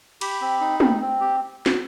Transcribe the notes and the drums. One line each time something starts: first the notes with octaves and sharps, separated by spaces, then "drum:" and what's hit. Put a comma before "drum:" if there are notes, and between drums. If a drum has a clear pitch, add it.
G4 B5, drum: cymbal
C4
D#4
C4, drum: tom
C4
G4
drum: snare